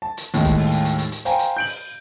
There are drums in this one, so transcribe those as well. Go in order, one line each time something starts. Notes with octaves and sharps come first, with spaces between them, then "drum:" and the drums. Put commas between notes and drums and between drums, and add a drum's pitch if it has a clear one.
A5
drum: hi-hat
D#2 A2 G#3, drum: hi-hat
drum: kick, hi-hat
drum: open hi-hat
drum: hi-hat
drum: hi-hat
drum: hi-hat
drum: hi-hat
C5 F5 G5 G#5 A#5, drum: hi-hat
drum: hi-hat
G6 D7 F#7
drum: open hi-hat